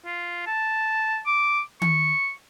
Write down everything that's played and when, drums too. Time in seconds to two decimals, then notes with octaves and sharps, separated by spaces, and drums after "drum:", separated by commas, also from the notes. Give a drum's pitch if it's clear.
0.05 F4
0.47 A5
1.26 D6
1.82 C#6, drum: tom D#3